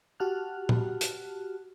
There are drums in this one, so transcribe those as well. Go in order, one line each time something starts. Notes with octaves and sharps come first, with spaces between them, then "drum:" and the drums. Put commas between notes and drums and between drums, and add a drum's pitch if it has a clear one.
F#4 G4 A5 F6 F#6
drum: tom
drum: hi-hat